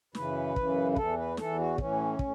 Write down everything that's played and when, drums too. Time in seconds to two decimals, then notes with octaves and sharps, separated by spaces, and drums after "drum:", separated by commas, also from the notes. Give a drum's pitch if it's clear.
0.15 F#2 C#3 E3 B4, drum: snare
0.56 F#2 C#3 E3, drum: kick
0.92 B4
0.96 E2 E3 A4, drum: kick
1.17 B4
1.37 E2 E3 A4, drum: snare
1.58 F#4
1.78 A2 E3 C#4, drum: kick
2.19 A2, drum: kick